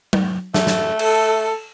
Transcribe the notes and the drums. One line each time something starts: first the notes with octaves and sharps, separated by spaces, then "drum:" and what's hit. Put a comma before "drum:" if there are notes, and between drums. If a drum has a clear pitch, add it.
drum: tom F#3
A3, drum: snare
drum: snare
A4, drum: cymbal